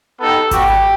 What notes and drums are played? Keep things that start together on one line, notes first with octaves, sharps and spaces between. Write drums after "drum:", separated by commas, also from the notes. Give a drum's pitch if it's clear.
B3 D#4 G4 A4
G3 B3 F#4 G4, drum: kick G#1, hi-hat